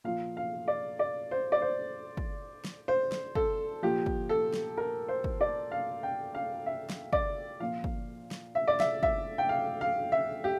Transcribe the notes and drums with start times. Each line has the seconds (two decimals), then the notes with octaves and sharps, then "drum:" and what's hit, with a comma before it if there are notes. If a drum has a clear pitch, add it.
0.04 A#2 F3 F5
0.37 F5
0.68 D5
0.99 D5
1.31 C5
1.52 D5
1.62 C5
2.17 drum: kick
2.65 drum: snare
2.88 C5
3.12 drum: snare
3.35 A4, drum: kick
3.82 A#2 F3 G4
4.06 drum: kick
4.29 A4
4.53 drum: snare
4.77 A#4
5.09 C5
5.24 drum: kick
5.41 D5
5.72 F5
6.03 G5
6.35 F5
6.66 E5
6.90 drum: snare
7.13 D5, drum: kick
7.60 A#2 F3 F5
7.84 drum: kick
8.31 drum: snare
8.55 E5
8.68 D5
8.80 E5, drum: snare
9.03 E5, drum: kick
9.38 G5
9.49 F5
9.81 F5
10.12 E5
10.44 G4